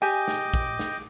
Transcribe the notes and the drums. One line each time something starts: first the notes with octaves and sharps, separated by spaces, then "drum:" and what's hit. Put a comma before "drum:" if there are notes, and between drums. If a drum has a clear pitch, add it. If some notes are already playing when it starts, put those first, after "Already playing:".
G4 D#5 G5 G#5 D6, drum: tambourine
drum: snare
drum: kick, tambourine
drum: snare